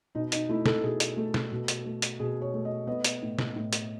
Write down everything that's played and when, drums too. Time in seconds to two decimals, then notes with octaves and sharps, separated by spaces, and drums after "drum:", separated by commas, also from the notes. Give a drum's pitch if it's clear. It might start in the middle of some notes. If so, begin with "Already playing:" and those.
0.15 B2 D#4
0.32 D#4, drum: hi-hat
0.49 A3 E4
0.66 A4, drum: snare
0.83 B2 G#4
1.00 drum: hi-hat
1.17 A3
1.34 drum: snare
1.52 B2
1.68 drum: hi-hat
1.86 A3
2.02 drum: hi-hat
2.19 B2 G#4
2.41 C#5
2.53 A3
2.65 D#5
2.87 B3 D#5
3.04 drum: hi-hat
3.22 A2
3.39 drum: snare
3.56 A2
3.73 drum: hi-hat